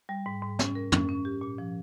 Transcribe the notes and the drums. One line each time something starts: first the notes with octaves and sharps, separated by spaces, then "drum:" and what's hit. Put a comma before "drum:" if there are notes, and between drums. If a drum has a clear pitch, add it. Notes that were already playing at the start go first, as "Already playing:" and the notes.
G3
G#2
G#2
C#4, drum: snare
A#4
C#4, drum: tom
C#4
G4
A#2
F3